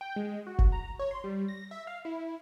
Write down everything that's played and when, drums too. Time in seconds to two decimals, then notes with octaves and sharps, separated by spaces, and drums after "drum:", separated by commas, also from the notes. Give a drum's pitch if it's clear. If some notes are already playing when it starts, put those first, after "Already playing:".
0.01 G5
0.16 G#3
0.47 F#4
0.59 drum: kick F#1
0.72 A#5
0.99 C#5
1.11 C6
1.24 G3
1.48 A#6
1.71 E5
1.87 F5
2.05 E4